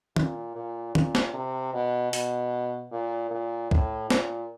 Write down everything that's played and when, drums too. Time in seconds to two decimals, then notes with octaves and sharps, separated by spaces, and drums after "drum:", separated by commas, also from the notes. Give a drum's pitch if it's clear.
0.16 A#2, drum: tom
0.56 A#2
0.95 A#2, drum: tom
1.15 drum: snare
1.34 C3
1.74 B2
2.13 B2, drum: open hi-hat
2.92 A#2
3.31 A#2
3.71 A2, drum: kick
4.10 A#2, drum: snare